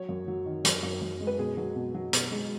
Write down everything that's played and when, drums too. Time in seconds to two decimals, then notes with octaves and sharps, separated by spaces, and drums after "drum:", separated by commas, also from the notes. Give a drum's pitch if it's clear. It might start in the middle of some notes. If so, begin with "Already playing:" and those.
Already playing: F#3 C#5
0.09 F#2
0.28 F#3
0.46 D#3
0.65 F#2, drum: hi-hat
0.83 F#2
1.02 F#2
1.20 G#3
1.27 B4
1.39 B2 G#4
1.57 F#3
1.76 B2
1.94 F#3
2.13 B2, drum: hi-hat
2.31 G#3